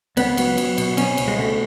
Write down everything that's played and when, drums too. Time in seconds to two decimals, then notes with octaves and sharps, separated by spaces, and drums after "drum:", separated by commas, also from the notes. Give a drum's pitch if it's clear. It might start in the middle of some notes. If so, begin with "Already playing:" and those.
0.17 C#2 B3, drum: cymbal
0.37 F#3, drum: cymbal
0.57 F#3, drum: cymbal
0.78 B2, drum: cymbal
0.97 B2 C#4, drum: cymbal
1.17 C#2, drum: cymbal
1.28 G#3
1.37 B2 A3